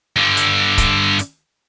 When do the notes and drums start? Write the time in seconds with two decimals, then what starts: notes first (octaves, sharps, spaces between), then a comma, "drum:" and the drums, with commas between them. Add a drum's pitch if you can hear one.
0.16 G2 D3
0.37 drum: hi-hat
0.78 drum: kick, hi-hat
1.19 drum: hi-hat